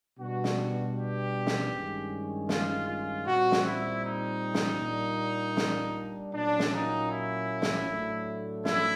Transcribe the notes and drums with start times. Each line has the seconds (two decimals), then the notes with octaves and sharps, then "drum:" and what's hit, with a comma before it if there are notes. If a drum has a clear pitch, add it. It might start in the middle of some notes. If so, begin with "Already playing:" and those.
0.18 B2 G3 B3 D4 F#4
0.44 drum: snare
0.95 G4
1.47 drum: snare
1.72 G2 D#3 G#3 C#4
2.49 F4, drum: snare
2.88 F4
3.26 A#2 G3 C4 F#4
3.52 drum: snare
3.64 E4
4.03 D#4
4.54 drum: snare
4.80 A#2 G3 A#3 D4
5.57 drum: snare
6.33 A#2 F#3 A#3 C#4 D4
6.59 drum: snare
6.73 D#4
7.11 E4
7.62 drum: snare
7.88 A2 F#3 A3 D4
8.65 E4, drum: snare